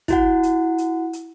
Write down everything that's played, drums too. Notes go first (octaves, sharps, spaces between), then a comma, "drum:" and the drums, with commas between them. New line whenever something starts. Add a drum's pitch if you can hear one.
E4 F#4 F#5, drum: kick, hi-hat
drum: hi-hat
drum: hi-hat
drum: hi-hat